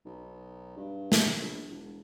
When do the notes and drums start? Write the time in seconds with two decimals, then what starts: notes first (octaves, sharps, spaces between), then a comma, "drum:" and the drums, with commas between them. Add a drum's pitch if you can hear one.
0.06 B1
0.77 G2
1.12 drum: snare
1.41 A#1
1.70 E1